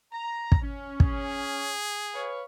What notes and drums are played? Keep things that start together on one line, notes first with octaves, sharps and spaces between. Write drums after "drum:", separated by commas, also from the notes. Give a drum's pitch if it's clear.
A#5
drum: kick
C#4
G#4, drum: kick
B4 C#5 F5